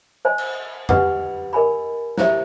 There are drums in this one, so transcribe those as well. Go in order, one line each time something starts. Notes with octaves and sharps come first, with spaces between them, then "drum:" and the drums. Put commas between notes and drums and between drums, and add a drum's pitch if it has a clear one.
C5 D#5 G#5
drum: cymbal
D4 G4 B4 D#5 F#5, drum: tom E2
A#4 D#5 G#5 B5
E4 G4 C5 E5, drum: snare